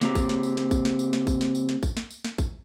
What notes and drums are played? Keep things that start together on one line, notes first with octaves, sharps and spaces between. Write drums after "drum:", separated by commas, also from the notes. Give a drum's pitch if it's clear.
C#3 A#3 C4 G4 A#5, drum: snare
drum: kick A1, tambourine
drum: snare
drum: tambourine
drum: snare
drum: kick A1, tambourine
drum: snare
drum: tambourine
drum: snare
drum: kick A1, tambourine
drum: snare
drum: tambourine
drum: snare
drum: kick A1, tambourine
drum: snare
drum: tambourine
drum: snare
drum: kick A1, tambourine